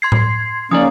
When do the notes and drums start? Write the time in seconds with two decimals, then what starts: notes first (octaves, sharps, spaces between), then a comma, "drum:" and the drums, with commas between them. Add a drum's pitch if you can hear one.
0.02 C6 G#6 C7
0.12 drum: tom A2
0.71 C#3 F3 A#3 C#4 D#4 D5 D#6